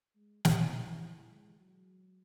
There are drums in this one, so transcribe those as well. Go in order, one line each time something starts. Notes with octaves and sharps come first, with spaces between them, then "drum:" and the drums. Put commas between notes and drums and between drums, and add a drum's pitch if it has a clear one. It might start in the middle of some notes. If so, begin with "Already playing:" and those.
G#3
E3, drum: snare
G#3
F#3